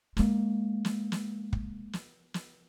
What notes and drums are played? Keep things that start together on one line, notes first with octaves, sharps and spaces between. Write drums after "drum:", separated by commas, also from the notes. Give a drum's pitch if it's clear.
G#3 A#3, drum: snare
drum: snare
drum: snare
drum: kick
drum: snare
drum: snare